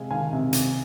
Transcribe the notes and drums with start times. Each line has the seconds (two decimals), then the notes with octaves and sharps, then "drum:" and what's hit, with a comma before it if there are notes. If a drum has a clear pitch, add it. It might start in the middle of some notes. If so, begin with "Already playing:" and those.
Already playing: C3 G#3 F5 G#5
0.11 D#3 F5 G#5
0.33 C3
0.53 C3, drum: hi-hat